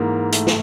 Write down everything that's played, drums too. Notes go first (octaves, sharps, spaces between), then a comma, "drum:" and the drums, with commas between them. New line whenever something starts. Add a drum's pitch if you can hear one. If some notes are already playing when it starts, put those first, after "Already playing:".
Already playing: G#2 E3 A#3
A3, drum: hi-hat
drum: snare